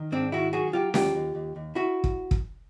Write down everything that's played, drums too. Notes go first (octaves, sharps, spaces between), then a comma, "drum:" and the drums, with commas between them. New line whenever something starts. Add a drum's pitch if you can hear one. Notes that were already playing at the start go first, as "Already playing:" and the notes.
Already playing: D#3
G#2 C4 D4
D#3 E4 F#4
F#3 F#4 G#4
F#3 F4 G4
D#2 F4 G4, drum: snare C#4
D#2
D#2
D#2
E4 F#4
drum: kick
drum: kick